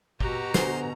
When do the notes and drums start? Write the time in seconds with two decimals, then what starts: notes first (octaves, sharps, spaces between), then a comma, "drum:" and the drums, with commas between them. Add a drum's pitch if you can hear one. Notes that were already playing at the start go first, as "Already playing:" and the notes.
0.20 B2 F#4 G4 A#5, drum: kick
0.54 D3 B3 C5 G#5, drum: snare